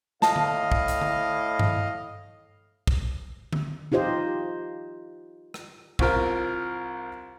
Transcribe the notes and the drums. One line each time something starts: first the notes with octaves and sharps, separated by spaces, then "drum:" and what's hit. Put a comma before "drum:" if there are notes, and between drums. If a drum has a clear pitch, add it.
A2 D#5 F5 A5, drum: snare
drum: tom D3
drum: kick
drum: hi-hat
drum: tom D3
drum: tom G2
drum: kick
drum: tom D3
D#4 F4 G4 C5 D#5
drum: rim click
C2 C4 F4 A#4, drum: kick